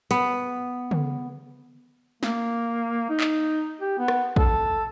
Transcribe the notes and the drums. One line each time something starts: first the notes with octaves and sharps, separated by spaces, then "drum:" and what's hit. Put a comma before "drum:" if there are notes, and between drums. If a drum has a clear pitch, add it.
B3, drum: hi-hat
drum: tom C#3
A#3, drum: snare
D#4
drum: clap
G4
B3
drum: rim click
A4, drum: kick